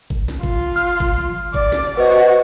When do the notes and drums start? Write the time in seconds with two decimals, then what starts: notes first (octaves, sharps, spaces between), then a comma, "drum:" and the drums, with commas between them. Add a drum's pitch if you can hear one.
0.10 drum: kick G1
0.28 drum: snare
0.43 F4, drum: kick G1
0.76 F6
1.00 drum: kick G1
1.18 drum: tom E3
1.54 D5, drum: kick G1
1.72 drum: snare
1.97 F#4 B4 C5 D#5